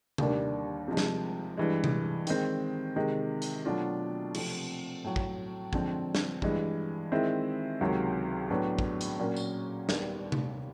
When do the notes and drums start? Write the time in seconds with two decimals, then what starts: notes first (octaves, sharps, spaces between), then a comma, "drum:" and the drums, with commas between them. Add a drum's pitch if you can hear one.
0.18 D#2 D3 G3 A#3 D4, drum: tom C3
0.88 C3 F3 G#3
0.97 drum: snare
1.57 G2 E3 G#3
1.84 drum: tom C3
2.27 D#3 G#3 C4, drum: hi-hat
2.96 C3 D#3 G#3
3.42 drum: hi-hat
3.65 B2 F#3 A3 D4 F4
4.34 C3 F3 A3 C4 F4, drum: cymbal
5.04 A2 F#3 A3
5.16 drum: kick
5.73 D3 F3 G#3 C4, drum: kick
6.15 drum: snare
6.42 G2 E3 G#3, drum: kick
7.12 D#3 G#3 C4 E4
7.81 C#2 C3 D#3 F#3
8.50 A2 F#3 B3 D4
8.79 drum: kick
9.01 drum: hi-hat
9.19 A#2 F#3 A#3 C#4
9.36 drum: tambourine
9.89 D#2 D#3 G3 B3, drum: snare
10.32 drum: tom C3